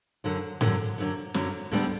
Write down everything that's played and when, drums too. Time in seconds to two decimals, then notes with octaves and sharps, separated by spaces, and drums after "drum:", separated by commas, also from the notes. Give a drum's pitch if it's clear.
0.24 F#2 D3 F#3
0.61 F#2 D3 F#3, drum: tom G#2
0.98 F#2 D3 F#3
1.34 F#2 D3 F#3, drum: snare
1.71 D2 D3 G3 B3 D4